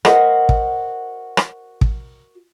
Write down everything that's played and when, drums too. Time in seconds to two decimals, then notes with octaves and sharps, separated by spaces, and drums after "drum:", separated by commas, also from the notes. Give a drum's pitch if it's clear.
0.05 F#4 A#4 C5 D#5 E5 F#5, drum: rim click
0.49 drum: kick
1.37 drum: rim click
1.81 drum: kick